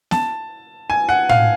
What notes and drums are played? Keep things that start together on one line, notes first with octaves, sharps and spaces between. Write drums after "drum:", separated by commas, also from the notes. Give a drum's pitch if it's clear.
A5, drum: snare B3
G#5
F#5
F5, drum: tom A2